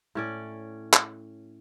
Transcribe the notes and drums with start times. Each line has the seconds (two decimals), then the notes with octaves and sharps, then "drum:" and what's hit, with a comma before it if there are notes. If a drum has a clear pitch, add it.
0.15 A2 C#4 D5
0.93 drum: clap